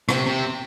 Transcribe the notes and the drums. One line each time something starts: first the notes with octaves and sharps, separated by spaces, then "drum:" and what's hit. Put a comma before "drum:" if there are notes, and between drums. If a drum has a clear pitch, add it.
C3, drum: rim click
C3